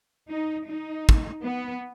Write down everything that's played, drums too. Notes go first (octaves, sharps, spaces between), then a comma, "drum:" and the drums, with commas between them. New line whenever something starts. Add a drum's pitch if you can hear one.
D#4
D#4
drum: kick
B3